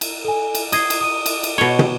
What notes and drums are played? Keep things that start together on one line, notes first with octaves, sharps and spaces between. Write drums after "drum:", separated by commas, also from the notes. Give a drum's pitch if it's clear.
drum: cymbal
A4 G#5
drum: cymbal
D#5 D#6 G#6 C7, drum: cymbal
drum: cymbal
D#6 D#7
drum: cymbal
drum: cymbal
B2 C#5 G7
drum: tom